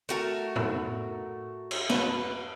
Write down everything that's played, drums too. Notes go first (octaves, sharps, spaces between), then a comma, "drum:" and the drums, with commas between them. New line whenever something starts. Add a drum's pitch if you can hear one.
A3 F#4 A#4
drum: tom
drum: cymbal
B4, drum: snare